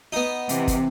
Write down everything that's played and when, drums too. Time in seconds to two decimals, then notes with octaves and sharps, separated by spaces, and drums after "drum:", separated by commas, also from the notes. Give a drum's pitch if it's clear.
0.12 B3 D#4
0.49 C3 E3, drum: hi-hat
0.68 drum: kick, hi-hat